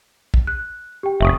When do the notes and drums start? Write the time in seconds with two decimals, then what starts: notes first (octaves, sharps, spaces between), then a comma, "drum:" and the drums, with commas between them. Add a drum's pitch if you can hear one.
0.34 drum: kick
0.47 F#6
1.03 G4 G5
1.21 F1 E5 C#6 D#6